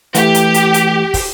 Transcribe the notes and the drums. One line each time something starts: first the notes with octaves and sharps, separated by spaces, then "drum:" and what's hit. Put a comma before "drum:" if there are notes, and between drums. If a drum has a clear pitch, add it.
E3 A3 G4, drum: hi-hat
drum: hi-hat
drum: hi-hat
drum: hi-hat
drum: kick, open hi-hat